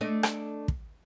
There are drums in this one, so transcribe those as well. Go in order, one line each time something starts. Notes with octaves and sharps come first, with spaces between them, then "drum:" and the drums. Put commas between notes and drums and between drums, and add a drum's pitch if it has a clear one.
A3 D4 D#5
drum: rim click
drum: kick